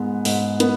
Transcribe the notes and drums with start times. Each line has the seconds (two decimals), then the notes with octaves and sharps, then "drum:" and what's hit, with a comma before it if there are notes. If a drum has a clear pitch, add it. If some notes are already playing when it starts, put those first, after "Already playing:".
Already playing: G#2 G#3 B3
0.25 G#2, drum: open hi-hat
0.60 B3, drum: hi-hat